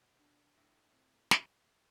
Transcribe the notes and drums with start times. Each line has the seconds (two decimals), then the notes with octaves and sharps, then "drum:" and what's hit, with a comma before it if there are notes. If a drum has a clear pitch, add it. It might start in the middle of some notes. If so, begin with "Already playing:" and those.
Already playing: B2
0.19 D4
0.56 A2 D4
0.93 C4
1.31 drum: snare